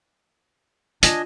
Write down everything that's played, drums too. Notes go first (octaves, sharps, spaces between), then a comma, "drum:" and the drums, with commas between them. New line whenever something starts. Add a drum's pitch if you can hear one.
D4 F4 D#5 G#5, drum: hi-hat